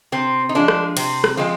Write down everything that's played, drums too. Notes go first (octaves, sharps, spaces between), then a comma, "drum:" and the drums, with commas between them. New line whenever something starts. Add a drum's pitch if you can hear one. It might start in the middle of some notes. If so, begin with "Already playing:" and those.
C3 C4
D#4
F3 G#3 D4
drum: rim click
C3 C4, drum: cymbal
drum: rim click
F3 G#3 C4